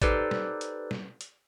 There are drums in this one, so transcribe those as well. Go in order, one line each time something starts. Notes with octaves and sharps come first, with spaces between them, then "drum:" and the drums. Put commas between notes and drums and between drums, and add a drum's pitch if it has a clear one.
D#4 G4 A4 B4 C5 D5, drum: kick, hi-hat
drum: snare G3
drum: hi-hat
drum: snare G3
drum: hi-hat